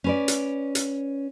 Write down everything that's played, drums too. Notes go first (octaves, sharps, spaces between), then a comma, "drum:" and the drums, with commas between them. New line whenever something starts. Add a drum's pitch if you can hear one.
C#4 B4 D5
drum: hi-hat
drum: hi-hat